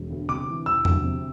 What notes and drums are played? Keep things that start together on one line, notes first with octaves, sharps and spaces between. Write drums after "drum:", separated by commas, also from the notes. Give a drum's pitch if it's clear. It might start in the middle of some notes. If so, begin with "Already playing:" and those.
Already playing: E1
D2
C3 D6
E3
E1 E6
D2, drum: tom E2
C3